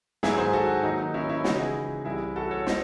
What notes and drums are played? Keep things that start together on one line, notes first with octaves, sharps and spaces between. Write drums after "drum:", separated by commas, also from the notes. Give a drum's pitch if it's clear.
G#2 D#3 F#3 E4 G#4, drum: snare
G#4 C5
F#4 A4
D#2 D#3 F#3 D#4
D#4
C#4 E4
C#4 E4
C#2 C#3 E3 D#4 F#4, drum: snare
E4 G#4
C2 C3 E3 E4 G#4
F#4 A4
A4 C#5
C5 D#5, drum: snare